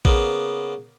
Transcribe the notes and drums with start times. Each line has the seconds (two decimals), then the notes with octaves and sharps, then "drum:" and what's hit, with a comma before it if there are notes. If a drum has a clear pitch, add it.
0.05 C#3 A#3 B3, drum: kick